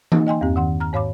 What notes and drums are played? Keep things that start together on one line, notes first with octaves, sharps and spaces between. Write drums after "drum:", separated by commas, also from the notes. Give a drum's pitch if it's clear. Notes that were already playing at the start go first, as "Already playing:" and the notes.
A#3 D#4, drum: tom E3
D#5 G5 G#5 C6
E2 G2 C4 G4
D#3 F#5 C6
A#5 F6
G#2 C#5 F5 B5 D6